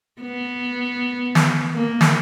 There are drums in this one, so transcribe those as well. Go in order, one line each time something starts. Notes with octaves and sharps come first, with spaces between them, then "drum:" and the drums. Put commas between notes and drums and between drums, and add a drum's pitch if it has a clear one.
B3
drum: snare
A#3
drum: snare